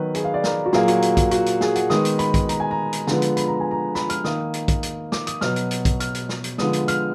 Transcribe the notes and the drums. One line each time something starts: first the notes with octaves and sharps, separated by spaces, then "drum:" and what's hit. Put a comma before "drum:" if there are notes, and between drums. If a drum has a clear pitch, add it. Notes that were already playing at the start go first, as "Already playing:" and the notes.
Already playing: D#3 F#3 B3 B4
G#4, drum: hi-hat
F5
D5
A#4, drum: snare
F#4
A#2 F#3 A#3 G#4, drum: snare
F#4, drum: hi-hat
drum: hi-hat
drum: kick A#1, hi-hat
F#4, drum: hi-hat
drum: hi-hat
G#4, drum: snare
F#5, drum: hi-hat
D#3 G#3 B3 D#6, drum: snare
drum: hi-hat
B5, drum: hi-hat
drum: kick A#1, hi-hat
A#5, drum: hi-hat
G#5
A#5
drum: hi-hat
D3 F3 G#3 B3, drum: snare
drum: hi-hat
B5, drum: hi-hat
A#5
G#5
A#5
B5, drum: snare
F6, drum: hi-hat
D#3 A#3 D#6, drum: snare
drum: hi-hat
drum: kick A#1, hi-hat
drum: hi-hat
D6, drum: snare
D#6, drum: hi-hat
B2 F#3 B3 F6, drum: snare
drum: hi-hat
drum: hi-hat
drum: kick A#1, hi-hat
F6, drum: hi-hat
drum: hi-hat
drum: snare
drum: hi-hat
D3 F3 G#3 B3 D#6, drum: snare
drum: hi-hat
F6, drum: hi-hat